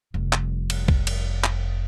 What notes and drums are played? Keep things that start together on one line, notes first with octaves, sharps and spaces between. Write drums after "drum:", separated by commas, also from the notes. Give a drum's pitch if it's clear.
F1 G3
drum: clap
drum: cymbal
drum: kick B1
drum: cymbal
drum: clap